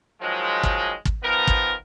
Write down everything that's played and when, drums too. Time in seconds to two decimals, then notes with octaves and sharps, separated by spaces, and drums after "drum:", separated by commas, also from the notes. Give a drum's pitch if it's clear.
0.21 D#3 F3 F#3 G#3
0.63 drum: kick
1.05 drum: kick
1.23 D#3 F3 B3 A#4
1.47 drum: kick